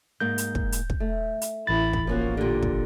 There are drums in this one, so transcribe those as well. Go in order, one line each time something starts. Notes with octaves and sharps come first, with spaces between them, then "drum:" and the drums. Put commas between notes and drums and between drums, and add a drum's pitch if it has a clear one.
G#2 A#3 G6
drum: hi-hat
drum: kick
drum: hi-hat
drum: kick
A3
drum: hi-hat
A1 E4 B5 A6
drum: kick
F3 A#3 C#4 F#4 A#4
A#2 D3 G4
drum: kick